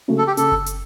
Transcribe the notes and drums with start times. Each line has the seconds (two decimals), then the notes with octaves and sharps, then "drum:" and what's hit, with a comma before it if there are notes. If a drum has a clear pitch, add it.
0.08 C#3 F#3 A3
0.18 A4
0.27 G4
0.37 C#3 A4, drum: hi-hat
0.52 drum: kick F#1
0.66 drum: hi-hat